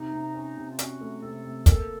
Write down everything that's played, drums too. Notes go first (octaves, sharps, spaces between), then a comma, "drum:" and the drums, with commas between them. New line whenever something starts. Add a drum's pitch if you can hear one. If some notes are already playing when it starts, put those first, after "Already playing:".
Already playing: C3 D#4
C3
C#4
C3
F4
C#4 F#4, drum: hi-hat
A3
C3 A4
C3
A#3 A4, drum: kick, hi-hat